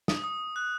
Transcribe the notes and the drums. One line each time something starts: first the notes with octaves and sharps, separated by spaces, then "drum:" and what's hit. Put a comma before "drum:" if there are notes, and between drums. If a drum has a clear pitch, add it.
D#6, drum: snare
D#6
F#6